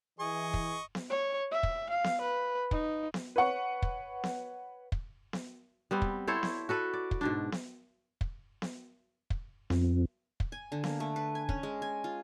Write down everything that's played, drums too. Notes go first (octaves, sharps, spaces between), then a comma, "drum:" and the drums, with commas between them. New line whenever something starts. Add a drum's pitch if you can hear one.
E3 G#4 D#5 C#6
drum: kick
drum: snare B3
C#5
E5
drum: kick
F5
drum: snare B3
B4
D#4, drum: kick
drum: snare B3
B4 C#5 F#5 C#6
drum: kick
drum: snare B3
drum: kick
drum: snare B3
G3 B3 C4
drum: kick
E4 A4 C5 C#5
drum: snare B3
F#4 A4 B4
D5
drum: kick
G#2 B2 D4
drum: snare B3
drum: kick
drum: snare B3
drum: kick
F2, drum: snare B3
drum: kick
G#5
D3
A#3, drum: snare B3
A3
B4
G#5
C#4, drum: kick
G#3
G#5
F4